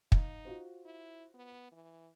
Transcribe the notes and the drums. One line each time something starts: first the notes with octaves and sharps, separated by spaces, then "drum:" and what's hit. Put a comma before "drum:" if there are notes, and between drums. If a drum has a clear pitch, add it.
D#4 F5, drum: kick
F4 F#4 C5
E4
B3
E3